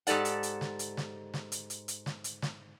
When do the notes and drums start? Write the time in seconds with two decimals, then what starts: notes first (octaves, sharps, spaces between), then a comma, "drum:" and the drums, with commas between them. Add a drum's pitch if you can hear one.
0.07 G#2 G4 A4 D5 F#5, drum: hi-hat
0.25 drum: hi-hat
0.43 drum: hi-hat
0.61 drum: snare
0.79 drum: hi-hat
0.97 drum: snare
1.34 drum: snare
1.52 drum: hi-hat
1.70 drum: hi-hat
1.88 drum: hi-hat
2.06 drum: snare
2.24 drum: hi-hat
2.42 drum: snare